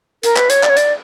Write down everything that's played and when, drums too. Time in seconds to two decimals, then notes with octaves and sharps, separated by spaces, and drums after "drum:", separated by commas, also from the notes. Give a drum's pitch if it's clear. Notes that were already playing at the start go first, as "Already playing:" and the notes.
0.23 A#4, drum: hi-hat
0.36 B4, drum: clap
0.50 C#5, drum: hi-hat
0.63 D5, drum: clap
0.69 C#5
0.77 D5, drum: hi-hat